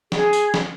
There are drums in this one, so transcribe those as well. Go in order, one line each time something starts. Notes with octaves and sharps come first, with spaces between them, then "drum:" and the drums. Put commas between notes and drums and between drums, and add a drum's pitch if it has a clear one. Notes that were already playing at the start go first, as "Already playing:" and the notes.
G#4, drum: snare
drum: tambourine
drum: snare